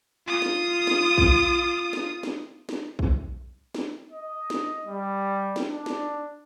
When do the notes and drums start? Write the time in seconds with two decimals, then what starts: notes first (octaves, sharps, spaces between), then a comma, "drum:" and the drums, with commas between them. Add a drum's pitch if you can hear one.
0.27 F4 D#6
0.42 drum: snare
0.87 drum: snare
1.18 drum: kick A#1
1.93 drum: snare
2.23 drum: snare
2.69 drum: snare
2.99 drum: kick A#1
3.75 drum: snare
4.11 D#5
4.50 drum: snare
4.87 G3
5.56 drum: snare
5.70 D4
5.86 drum: snare